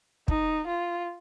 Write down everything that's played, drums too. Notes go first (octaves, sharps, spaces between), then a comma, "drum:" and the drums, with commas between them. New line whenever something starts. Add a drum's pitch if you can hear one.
D#4, drum: kick
F4